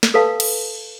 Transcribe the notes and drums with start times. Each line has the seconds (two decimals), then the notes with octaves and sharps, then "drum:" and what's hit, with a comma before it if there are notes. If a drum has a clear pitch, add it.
0.03 drum: snare
0.14 A4 B4 F5 A5
0.40 drum: cymbal